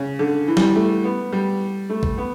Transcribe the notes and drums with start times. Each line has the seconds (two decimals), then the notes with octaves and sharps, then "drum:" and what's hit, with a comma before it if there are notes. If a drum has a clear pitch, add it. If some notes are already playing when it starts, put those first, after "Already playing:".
Already playing: C#3
0.19 D3
0.48 E3
0.57 G3, drum: snare
0.75 A3
1.04 B3
1.32 G3
1.89 A3
2.03 drum: kick
2.18 B3